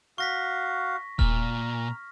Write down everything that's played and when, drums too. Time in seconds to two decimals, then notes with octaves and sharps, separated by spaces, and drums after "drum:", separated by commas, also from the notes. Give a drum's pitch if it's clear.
0.18 F#4 F5 C#6 A#6 B6
1.19 A#2 A#5 F6, drum: kick D#1